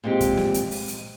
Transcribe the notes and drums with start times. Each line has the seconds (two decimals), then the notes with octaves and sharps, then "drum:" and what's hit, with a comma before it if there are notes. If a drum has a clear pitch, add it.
0.04 A#2 G#3 C4 G4
0.20 drum: kick, hi-hat
0.37 drum: snare
0.54 drum: hi-hat
0.71 drum: open hi-hat
0.88 drum: hi-hat